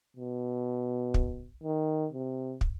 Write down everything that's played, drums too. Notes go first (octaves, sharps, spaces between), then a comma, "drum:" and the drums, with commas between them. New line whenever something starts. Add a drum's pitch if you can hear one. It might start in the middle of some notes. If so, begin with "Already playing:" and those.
B2
drum: kick
D#3
C3
drum: kick